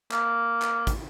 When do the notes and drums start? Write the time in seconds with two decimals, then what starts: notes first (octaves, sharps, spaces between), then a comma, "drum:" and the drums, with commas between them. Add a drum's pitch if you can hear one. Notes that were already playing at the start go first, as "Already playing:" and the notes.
0.12 A#3, drum: clap
0.62 drum: clap
0.87 drum: kick, hi-hat